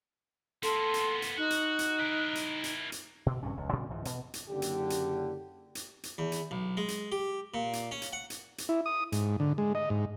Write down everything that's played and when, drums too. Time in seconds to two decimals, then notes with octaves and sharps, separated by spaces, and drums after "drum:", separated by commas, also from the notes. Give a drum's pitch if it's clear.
0.63 A#3 B3 A4 C6, drum: hi-hat
0.94 drum: hi-hat
1.22 drum: hi-hat
1.37 D#4 F#4 F#6
1.50 drum: hi-hat
1.79 drum: hi-hat
1.99 E4 A#4
2.35 drum: hi-hat
2.64 drum: hi-hat
2.92 drum: hi-hat
3.26 B2
3.43 A#1 G2 C3 C#4
3.56 F1 C#2
3.73 A#2 C#3 G3 C4
3.90 C#2 G#2 E3 F3
4.05 B2, drum: hi-hat
4.34 drum: hi-hat
4.49 F#1 D3 G4
4.62 drum: hi-hat
4.90 drum: hi-hat
5.75 drum: hi-hat
6.03 drum: hi-hat
6.18 E2
6.32 drum: hi-hat
6.51 B1
6.77 G#3
6.88 drum: hi-hat
7.12 G4
7.54 A#2
7.73 drum: hi-hat
7.91 C#4
8.02 drum: hi-hat
8.13 F#5
8.30 drum: hi-hat
8.58 drum: hi-hat
8.69 E4
8.86 D#6
9.12 G#2, drum: hi-hat
9.40 D3
9.58 G#3
9.75 D#5
9.90 G#2